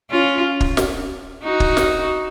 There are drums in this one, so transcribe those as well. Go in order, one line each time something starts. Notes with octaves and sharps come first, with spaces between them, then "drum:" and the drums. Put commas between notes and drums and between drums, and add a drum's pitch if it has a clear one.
C#4 F4
drum: kick
drum: snare
D#4 F#4
drum: kick
drum: snare